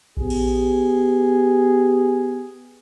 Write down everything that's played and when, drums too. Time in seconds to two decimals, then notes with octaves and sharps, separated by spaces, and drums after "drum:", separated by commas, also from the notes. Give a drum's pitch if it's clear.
0.17 B3 G4 G#4, drum: kick A#1
0.30 drum: cymbal